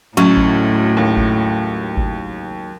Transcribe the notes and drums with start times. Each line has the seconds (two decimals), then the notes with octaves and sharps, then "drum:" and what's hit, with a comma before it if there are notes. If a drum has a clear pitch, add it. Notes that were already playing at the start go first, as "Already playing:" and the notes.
0.17 D2 A2 F#3 G#3 C#4
0.37 drum: kick G#1
0.97 D#2
1.17 drum: kick G#1
1.97 drum: kick G#1